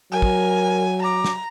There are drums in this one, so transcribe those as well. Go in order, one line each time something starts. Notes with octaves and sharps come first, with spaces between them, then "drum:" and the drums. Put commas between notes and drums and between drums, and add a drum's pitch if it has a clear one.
F#3 A#4 G#5
drum: kick
A#5 D6
drum: snare